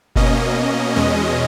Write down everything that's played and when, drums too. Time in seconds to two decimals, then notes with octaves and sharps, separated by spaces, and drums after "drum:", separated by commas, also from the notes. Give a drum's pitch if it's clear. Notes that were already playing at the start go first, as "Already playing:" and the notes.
0.16 B2 A#3 C#4 D#5, drum: kick F#1
0.96 E2 B2 G#3 C#4 D#5